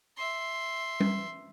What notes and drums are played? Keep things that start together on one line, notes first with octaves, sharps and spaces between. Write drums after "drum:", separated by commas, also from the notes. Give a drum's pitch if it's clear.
E5 C6
drum: tom G3